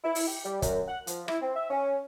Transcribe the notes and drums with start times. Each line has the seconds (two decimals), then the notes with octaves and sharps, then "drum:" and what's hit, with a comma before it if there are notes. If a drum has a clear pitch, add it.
0.04 E4
0.15 drum: open hi-hat
0.28 G4
0.45 G3
0.62 F#2, drum: kick, hi-hat
0.88 F#5
1.07 F3, drum: hi-hat
1.28 E4, drum: rim click
1.42 C4
1.56 E5
1.70 C#4